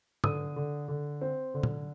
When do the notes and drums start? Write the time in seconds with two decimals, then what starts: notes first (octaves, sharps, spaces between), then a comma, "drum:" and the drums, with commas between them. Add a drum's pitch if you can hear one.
0.24 D3 D#6, drum: tom
0.56 D3
0.88 D3
1.21 C4
1.54 D3
1.63 drum: tom